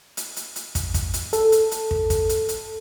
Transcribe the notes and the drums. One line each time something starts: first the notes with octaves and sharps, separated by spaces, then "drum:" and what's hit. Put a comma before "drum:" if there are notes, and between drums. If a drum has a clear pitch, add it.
drum: hi-hat
drum: hi-hat
drum: hi-hat
drum: kick, hi-hat
drum: kick, hi-hat
drum: hi-hat
A4, drum: hi-hat
drum: hi-hat
drum: hi-hat
drum: kick
drum: kick, hi-hat
drum: hi-hat
drum: hi-hat